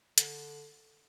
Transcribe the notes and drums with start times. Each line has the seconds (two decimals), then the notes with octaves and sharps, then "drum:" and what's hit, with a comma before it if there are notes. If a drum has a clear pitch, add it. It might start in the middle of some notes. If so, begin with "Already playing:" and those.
0.18 D3, drum: hi-hat